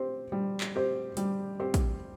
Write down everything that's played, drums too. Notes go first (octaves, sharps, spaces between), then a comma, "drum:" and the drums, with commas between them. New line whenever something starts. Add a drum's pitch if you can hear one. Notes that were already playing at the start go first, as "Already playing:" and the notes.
Already playing: C4 G4 C5
G3
drum: clap
C4 G4 C5
G3, drum: hi-hat
C4 G4 C5
drum: kick, hi-hat